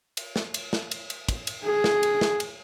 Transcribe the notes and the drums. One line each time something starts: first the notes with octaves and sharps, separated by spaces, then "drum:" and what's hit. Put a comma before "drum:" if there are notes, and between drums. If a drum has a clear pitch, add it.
drum: cymbal
drum: snare
drum: cymbal
drum: snare
drum: cymbal
drum: cymbal
drum: kick, cymbal
drum: cymbal
G#4
drum: snare
drum: cymbal
drum: snare
drum: cymbal